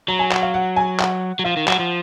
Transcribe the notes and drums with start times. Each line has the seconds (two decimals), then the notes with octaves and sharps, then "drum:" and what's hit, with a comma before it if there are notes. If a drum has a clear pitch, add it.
0.08 F#3 A#5
0.19 G#5
0.31 F#5, drum: clap
0.42 F5
0.54 F#5
0.76 G#5
0.99 F#5, drum: clap
1.39 F#3
1.44 F3 F5
1.57 D#3
1.68 F#3 F#5, drum: clap
1.79 F3